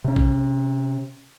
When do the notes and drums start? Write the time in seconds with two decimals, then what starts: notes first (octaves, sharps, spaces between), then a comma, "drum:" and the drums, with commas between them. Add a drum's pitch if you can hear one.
0.04 C3 C#4
0.16 drum: kick A#1